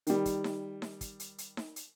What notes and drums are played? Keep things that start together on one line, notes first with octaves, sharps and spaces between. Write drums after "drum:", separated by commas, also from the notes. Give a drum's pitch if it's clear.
D#3 G3, drum: hi-hat
drum: kick, hi-hat
drum: snare D#4
drum: snare D#4
drum: kick, hi-hat
drum: hi-hat
drum: hi-hat
drum: snare D#4
drum: hi-hat